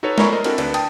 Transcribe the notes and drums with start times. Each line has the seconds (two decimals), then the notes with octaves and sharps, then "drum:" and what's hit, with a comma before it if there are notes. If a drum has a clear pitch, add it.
0.03 D#4 F#4 A4 B4 C#5
0.18 A#4 D5 G#5 A#5 B5 C#6, drum: snare
0.32 A4 A#4 C5 D#5 A#5
0.44 C4 D4 E4 F#4 A4 A#4, drum: cymbal
0.58 D2 D4 B4, drum: cymbal
0.74 G5 A5 D#6, drum: cymbal